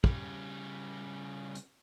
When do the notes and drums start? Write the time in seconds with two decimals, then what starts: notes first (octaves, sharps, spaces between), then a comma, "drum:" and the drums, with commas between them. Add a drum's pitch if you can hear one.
0.04 C#3 G3, drum: kick
1.55 drum: hi-hat